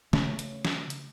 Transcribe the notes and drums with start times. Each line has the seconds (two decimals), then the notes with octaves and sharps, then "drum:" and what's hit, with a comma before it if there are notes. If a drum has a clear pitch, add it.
0.13 C#3 A3 C#4, drum: snare
0.39 drum: hi-hat
0.65 drum: snare
0.90 drum: hi-hat